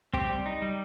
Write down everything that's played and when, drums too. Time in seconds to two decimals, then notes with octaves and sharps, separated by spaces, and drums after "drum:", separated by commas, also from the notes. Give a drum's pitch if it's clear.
0.14 C4 G4, drum: kick
0.30 G3
0.46 D#4
0.62 G3